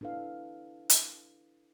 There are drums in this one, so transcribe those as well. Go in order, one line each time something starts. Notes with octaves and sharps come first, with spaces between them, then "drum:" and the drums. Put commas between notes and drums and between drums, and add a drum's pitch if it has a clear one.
D4 E4 A4 B4 F5
drum: hi-hat